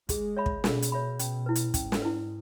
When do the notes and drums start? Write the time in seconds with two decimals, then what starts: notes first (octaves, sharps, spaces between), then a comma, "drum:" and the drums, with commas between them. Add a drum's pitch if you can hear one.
0.09 G#3 G#4, drum: kick, hi-hat
0.37 C#5 E5 B5
0.46 drum: kick
0.64 B2 G#4, drum: snare
0.82 drum: hi-hat
0.92 C#5 E5 B5
1.19 C#4, drum: hi-hat
1.46 E4 B4
1.55 drum: hi-hat
1.74 G#2 C#4, drum: kick, hi-hat
1.92 drum: snare
2.02 E4 B4